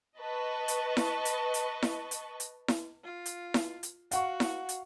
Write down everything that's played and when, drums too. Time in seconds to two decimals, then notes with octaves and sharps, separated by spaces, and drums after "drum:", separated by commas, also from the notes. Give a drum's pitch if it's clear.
0.18 B4 D#5 A5 C#6
0.68 drum: hi-hat
0.97 drum: snare E4
1.25 drum: hi-hat
1.54 drum: hi-hat
1.82 drum: snare E4
2.11 drum: hi-hat
2.40 drum: hi-hat
2.68 drum: snare E4
3.04 F4
3.26 drum: hi-hat
3.54 drum: snare E4
3.83 drum: hi-hat
4.11 F#4 F5 F#5 C#6, drum: hi-hat
4.40 drum: snare E4
4.69 drum: hi-hat